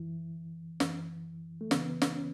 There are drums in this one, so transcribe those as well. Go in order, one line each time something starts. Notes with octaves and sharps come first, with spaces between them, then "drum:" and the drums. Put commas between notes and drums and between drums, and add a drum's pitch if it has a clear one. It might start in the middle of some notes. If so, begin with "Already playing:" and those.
Already playing: F#2 E3 E4
F#2 E3, drum: snare
A3
F#2 C#3 E3 B3, drum: snare
drum: snare
C#4